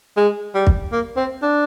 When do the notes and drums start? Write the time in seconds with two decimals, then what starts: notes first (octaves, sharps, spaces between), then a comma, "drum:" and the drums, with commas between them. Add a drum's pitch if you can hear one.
0.16 G#3
0.54 G3
0.67 drum: kick
0.92 A#3
1.16 C4
1.42 D4